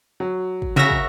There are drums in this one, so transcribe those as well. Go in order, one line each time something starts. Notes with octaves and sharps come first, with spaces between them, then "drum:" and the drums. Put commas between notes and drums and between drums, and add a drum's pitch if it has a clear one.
F#3
drum: kick
C#3 F#4 A#4 E5 A#6
drum: kick